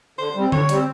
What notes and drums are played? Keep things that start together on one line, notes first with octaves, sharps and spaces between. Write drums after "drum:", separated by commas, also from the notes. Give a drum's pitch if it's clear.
D3 C5
G3 C4
D3 C#5, drum: tom D3
G3 C4, drum: hi-hat